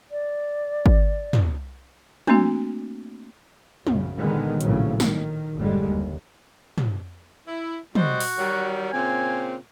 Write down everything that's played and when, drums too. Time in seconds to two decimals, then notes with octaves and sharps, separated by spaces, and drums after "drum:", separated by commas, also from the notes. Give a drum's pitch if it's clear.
0.11 D5
0.86 drum: kick G#1
1.33 drum: tom
2.27 A3 A#3 C4 D4 F#4, drum: tom
3.87 A#1 F#2 C#3, drum: tom
4.17 A#2 D3 D#3 G#3 B3
4.61 A#1 A2 C#3 F#3, drum: hi-hat
5.00 D#3, drum: snare
5.56 F#1 A2 D3 G3 G#3
5.87 D#2
6.78 drum: tom
7.48 E4
7.95 G3 F#4 C5 D#5, drum: tom
8.20 drum: open hi-hat
8.39 D#3 F#3 G3
8.92 A#2 C#3 C4 G#5